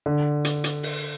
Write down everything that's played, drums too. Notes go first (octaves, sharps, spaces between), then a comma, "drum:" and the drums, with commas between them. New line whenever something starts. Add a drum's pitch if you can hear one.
D3
drum: hi-hat
drum: hi-hat
drum: open hi-hat